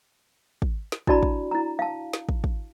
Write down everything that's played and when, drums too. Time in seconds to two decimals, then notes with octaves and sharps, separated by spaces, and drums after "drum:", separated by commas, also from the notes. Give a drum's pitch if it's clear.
0.62 drum: kick
0.92 drum: snare
1.07 D4 E4 F#4 D5 A5 B5, drum: kick
1.23 drum: kick
1.51 E4 A#5
1.79 F5 A5
2.13 drum: snare
2.29 drum: kick
2.44 drum: kick